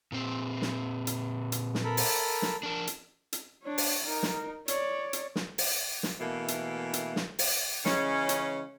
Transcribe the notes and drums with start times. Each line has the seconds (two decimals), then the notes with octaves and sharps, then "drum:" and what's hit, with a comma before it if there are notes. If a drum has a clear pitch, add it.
0.12 A#2 C4
0.62 drum: snare
1.07 drum: hi-hat
1.52 drum: hi-hat
1.75 drum: snare
1.84 A4 A#4 B5
1.97 drum: open hi-hat
2.42 drum: snare
2.63 D4 A#4
2.87 drum: hi-hat
3.33 drum: hi-hat
3.63 D4 C#5
3.78 drum: open hi-hat
4.04 D#4 A#4
4.23 drum: snare
4.68 C#5 D5, drum: hi-hat
5.13 drum: hi-hat
5.36 drum: snare
5.58 drum: open hi-hat
6.03 drum: snare
6.20 B2 E3 A3 A#3
6.48 drum: hi-hat
6.93 drum: hi-hat
7.16 drum: snare
7.39 drum: open hi-hat
7.86 C#3 E3 G#3 C#4, drum: snare
8.29 drum: hi-hat